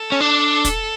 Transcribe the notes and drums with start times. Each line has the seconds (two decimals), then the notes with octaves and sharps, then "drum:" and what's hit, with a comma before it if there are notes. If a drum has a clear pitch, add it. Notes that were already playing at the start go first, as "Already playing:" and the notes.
Already playing: A4
0.12 C#4
0.20 D4
0.65 drum: kick, hi-hat